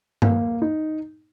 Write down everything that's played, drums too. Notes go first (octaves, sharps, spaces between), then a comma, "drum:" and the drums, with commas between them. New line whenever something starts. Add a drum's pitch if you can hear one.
A#3, drum: tom G2
D#4